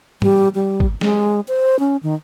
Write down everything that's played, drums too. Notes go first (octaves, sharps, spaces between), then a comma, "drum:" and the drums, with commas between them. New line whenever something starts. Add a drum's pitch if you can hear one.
G3, drum: tom
G3
drum: kick G#1
G#3, drum: snare
C5
C#4
D#3